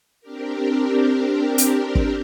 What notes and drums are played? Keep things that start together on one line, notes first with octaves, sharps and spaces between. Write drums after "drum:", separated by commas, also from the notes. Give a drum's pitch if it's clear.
C4 D4 G4 A#4
drum: hi-hat
drum: kick